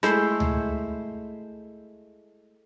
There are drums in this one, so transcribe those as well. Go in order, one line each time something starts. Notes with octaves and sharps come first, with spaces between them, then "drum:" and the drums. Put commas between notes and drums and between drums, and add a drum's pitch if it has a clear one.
G#3 A3 E4 C5, drum: rim click
drum: tom C#2